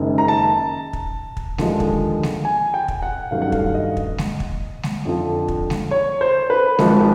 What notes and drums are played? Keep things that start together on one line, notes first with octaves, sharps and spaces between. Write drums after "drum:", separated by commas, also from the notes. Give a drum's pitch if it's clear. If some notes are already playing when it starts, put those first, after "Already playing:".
Already playing: F#1 F#2 D#3 G#3
A#5
A5
drum: kick
drum: kick
D#2 D3 F3 G#3, drum: snare G#3
drum: kick
drum: snare G#3
G#5
G5
drum: kick
F#5
G2 D#3 F#3 A3 C#4 F5
F#5
F5, drum: kick
D#5
drum: kick
drum: snare G#3
drum: kick
drum: snare G#3
F2 D3 F3
drum: kick
drum: snare G#3
C#5
C5
B4
G#1 G#2 F3 G#3, drum: snare G#3